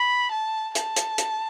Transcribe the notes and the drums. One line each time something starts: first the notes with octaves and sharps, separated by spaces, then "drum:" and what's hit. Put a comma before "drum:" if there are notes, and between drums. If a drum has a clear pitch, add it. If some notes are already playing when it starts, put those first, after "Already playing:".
Already playing: B5
A5
A5, drum: hi-hat
drum: hi-hat
drum: hi-hat